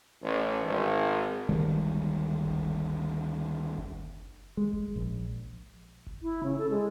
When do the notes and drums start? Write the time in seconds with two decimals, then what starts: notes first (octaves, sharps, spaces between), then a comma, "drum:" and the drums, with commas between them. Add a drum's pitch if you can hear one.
0.23 A1
0.64 G#1
1.49 D2 D#3 G3 G#3, drum: kick F#1
2.44 drum: kick F#1
3.78 drum: kick F#1
4.57 G#3
4.73 drum: kick F#1
4.96 A#1
6.07 drum: kick F#1
6.23 E4
6.43 C#3
6.58 A4
6.71 G#3